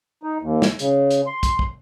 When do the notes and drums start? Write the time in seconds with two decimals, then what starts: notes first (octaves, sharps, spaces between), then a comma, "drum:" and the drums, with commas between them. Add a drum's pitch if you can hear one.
0.23 D#4
0.42 D#2
0.62 drum: snare
0.79 C#3, drum: hi-hat
1.11 drum: hi-hat
1.27 C6
1.43 drum: kick, hi-hat
1.59 drum: kick